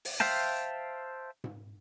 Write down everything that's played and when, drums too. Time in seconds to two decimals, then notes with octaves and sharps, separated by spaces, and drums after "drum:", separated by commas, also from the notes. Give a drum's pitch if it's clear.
0.05 drum: open hi-hat
0.20 C5 E5 F5 G5 A5, drum: snare
1.44 drum: tom G#2